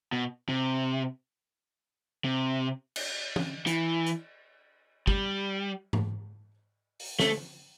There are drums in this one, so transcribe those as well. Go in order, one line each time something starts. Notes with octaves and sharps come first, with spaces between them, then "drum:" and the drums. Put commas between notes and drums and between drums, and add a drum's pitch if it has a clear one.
B2
C3
C3
drum: cymbal
drum: tom
E3, drum: hi-hat
drum: hi-hat
G3, drum: kick
drum: tom G#2
drum: open hi-hat
A3, drum: snare